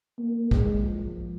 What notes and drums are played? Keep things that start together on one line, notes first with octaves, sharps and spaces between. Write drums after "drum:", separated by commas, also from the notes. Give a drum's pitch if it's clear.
A#3
G#3, drum: kick
F3